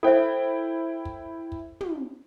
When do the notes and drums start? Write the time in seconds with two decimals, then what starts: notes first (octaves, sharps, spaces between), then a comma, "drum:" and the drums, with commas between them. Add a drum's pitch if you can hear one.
0.03 E4 A4 C5 E5 G5
1.05 drum: kick
1.52 drum: kick
1.81 drum: tom